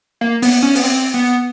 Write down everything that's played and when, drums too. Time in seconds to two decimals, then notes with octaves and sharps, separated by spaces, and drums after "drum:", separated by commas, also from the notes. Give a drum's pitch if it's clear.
0.21 A#3
0.42 B3, drum: open hi-hat
0.62 C#4
0.75 B3, drum: open hi-hat
0.83 C4
1.14 B3